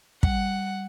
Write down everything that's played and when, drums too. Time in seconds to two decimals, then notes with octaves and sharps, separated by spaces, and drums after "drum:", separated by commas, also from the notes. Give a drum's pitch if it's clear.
0.23 G3 F#5, drum: kick